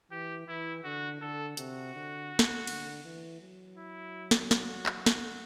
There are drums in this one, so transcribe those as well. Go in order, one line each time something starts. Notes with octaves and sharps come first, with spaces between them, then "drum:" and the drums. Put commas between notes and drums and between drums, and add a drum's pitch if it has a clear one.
E3 G4
E3 E4
D3 F#4
D3 A4
C3 F#4, drum: hi-hat
D3
drum: snare
D3, drum: cymbal
E3
F#3
E4
drum: snare
F#4, drum: snare
drum: clap
drum: snare